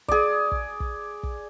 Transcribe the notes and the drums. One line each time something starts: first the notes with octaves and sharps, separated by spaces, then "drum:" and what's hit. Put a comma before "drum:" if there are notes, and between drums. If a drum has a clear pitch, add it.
G#4 D5, drum: kick
drum: kick
drum: kick
drum: kick